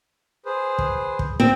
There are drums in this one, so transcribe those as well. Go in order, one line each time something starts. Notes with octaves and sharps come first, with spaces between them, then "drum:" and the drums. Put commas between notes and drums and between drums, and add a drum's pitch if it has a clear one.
G#4 B4 C5
drum: kick
drum: kick
C4